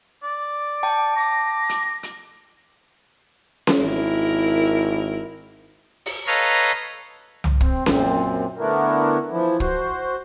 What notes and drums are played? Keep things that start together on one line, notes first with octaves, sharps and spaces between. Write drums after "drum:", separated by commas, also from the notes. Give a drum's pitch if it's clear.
D5
G5 A5
D6 A#6
drum: hi-hat
drum: hi-hat
drum: snare C#4
G#1 E4 A#4
drum: open hi-hat
A4 B4 C#5 D#5 F5 A#5
drum: tom C2
C4, drum: kick
F#2 A#2 C4, drum: snare C#4
D3 A3 B3 D4 E4 A#4
E3 F3 E4
F#4 C5, drum: kick